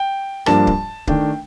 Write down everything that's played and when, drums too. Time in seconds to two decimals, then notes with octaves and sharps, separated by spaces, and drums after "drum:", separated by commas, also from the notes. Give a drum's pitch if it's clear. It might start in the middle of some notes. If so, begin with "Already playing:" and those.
Already playing: G5
0.46 G2 F3 A#3 D4 A5, drum: rim click
0.67 drum: kick C#1
1.07 D#3 A3 D4 G5, drum: kick C#1